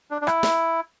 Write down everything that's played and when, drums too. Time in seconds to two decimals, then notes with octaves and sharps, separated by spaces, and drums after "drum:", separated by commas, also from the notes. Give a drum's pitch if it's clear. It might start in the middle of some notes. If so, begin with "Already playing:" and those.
0.11 D4
0.22 D4
0.27 E4, drum: rim click
0.43 drum: snare